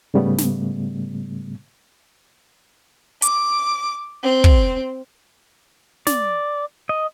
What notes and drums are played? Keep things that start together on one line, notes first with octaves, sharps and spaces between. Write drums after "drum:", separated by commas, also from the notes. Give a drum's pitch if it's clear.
G#2 C#3 G3 A3 B3
drum: snare
D6, drum: hi-hat
C4
drum: kick
D5, drum: snare
D#5